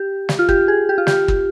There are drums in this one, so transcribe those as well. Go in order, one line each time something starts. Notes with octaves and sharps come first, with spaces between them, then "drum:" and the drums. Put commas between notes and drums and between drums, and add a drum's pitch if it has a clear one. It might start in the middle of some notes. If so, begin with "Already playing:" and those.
Already playing: G4
drum: snare
F4
G4, drum: kick
G#4
G4
F4
G4, drum: snare
drum: kick